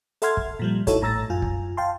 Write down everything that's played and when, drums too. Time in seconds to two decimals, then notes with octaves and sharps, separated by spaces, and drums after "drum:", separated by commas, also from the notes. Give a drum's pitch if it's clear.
0.22 A4 E5 F#5 C6 F6 G#6, drum: hi-hat
0.37 drum: kick
0.59 A#2 F3 G3
0.87 D#4 E4 F#4 A4 C#5, drum: kick, hi-hat
1.01 A1 A2 A#5 E6 A6 A#6
1.30 F#2 F4 G#5
1.42 drum: kick
1.77 F5 G5 A5 C6